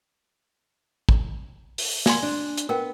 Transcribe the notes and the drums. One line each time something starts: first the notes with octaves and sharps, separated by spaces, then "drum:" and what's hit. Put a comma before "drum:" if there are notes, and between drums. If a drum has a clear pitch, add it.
drum: kick
drum: open hi-hat
D5 G#5 C6, drum: snare
D4
drum: hi-hat
B3 A#4 G5